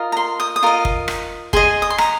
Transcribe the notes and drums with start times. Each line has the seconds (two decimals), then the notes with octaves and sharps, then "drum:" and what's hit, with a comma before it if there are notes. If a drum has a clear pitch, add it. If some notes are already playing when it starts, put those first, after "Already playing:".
Already playing: F4 A#4 D#5
0.12 A#5
0.17 C6
0.40 D#6
0.56 D#6
0.63 F4 A#4 D#5
0.85 drum: kick
1.08 drum: rim click
1.53 G#4 D#5 C6, drum: kick
1.82 D#6
1.90 C6
1.98 A#5, drum: rim click